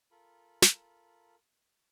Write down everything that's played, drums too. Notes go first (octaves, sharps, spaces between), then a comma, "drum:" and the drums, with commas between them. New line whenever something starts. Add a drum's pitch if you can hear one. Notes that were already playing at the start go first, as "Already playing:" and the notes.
F4 A4 A#4 B5
drum: snare